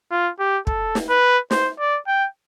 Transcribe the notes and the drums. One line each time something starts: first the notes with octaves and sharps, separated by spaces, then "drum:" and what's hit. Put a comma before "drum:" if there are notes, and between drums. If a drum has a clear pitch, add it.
F4
G4
A4, drum: kick
drum: snare
B4
C5, drum: snare
D5
G5